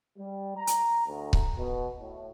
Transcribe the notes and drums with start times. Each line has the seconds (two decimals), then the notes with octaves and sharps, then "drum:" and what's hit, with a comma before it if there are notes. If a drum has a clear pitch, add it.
0.18 G3
0.57 A#5
0.67 drum: hi-hat
1.07 D2
1.33 drum: kick C#1
1.58 B2
1.99 A2